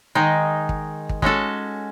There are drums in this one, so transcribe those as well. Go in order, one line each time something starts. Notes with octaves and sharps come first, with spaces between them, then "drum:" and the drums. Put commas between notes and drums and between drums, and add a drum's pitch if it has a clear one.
D#3 G#3 D#4
drum: kick
drum: kick
G#3 C#4 F#4 A4, drum: kick